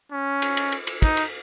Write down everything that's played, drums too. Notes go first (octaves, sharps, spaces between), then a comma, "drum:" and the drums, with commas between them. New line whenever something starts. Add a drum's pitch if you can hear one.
C#4
drum: cymbal
drum: cymbal
drum: cymbal
drum: cymbal
D#4, drum: kick, cymbal
drum: cymbal